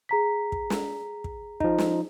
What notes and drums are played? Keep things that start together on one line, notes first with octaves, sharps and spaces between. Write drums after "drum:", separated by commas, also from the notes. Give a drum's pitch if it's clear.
G#4 A#5 B6
drum: kick
drum: snare
drum: kick
F3 D#4, drum: kick
drum: snare